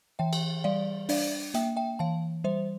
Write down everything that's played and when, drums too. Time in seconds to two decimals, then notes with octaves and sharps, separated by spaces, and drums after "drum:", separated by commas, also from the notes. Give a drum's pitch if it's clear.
0.19 E3 E5 G5
0.33 drum: cymbal
0.64 G3 D5 F5
1.09 D4 D5 F5, drum: open hi-hat
1.54 A#3 E5 G5, drum: hi-hat
1.76 E5 G5
1.99 E3 F5 A5
2.44 G3 C5 E5